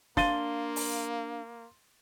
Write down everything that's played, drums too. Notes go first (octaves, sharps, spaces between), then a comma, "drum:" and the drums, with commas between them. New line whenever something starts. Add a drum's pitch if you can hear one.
A#3 D4 F5 C6 A6 D#7 G7, drum: snare
drum: open hi-hat